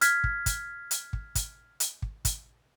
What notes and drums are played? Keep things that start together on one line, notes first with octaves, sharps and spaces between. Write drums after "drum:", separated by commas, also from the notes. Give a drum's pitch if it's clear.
F6 G#6 B6, drum: hi-hat
drum: kick
drum: kick, hi-hat
drum: hi-hat
drum: kick
drum: kick, hi-hat
drum: hi-hat
drum: kick
drum: kick, hi-hat